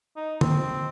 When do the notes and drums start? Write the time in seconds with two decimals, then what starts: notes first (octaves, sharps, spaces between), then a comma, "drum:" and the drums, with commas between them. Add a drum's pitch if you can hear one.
0.16 D#4
0.41 C4, drum: tom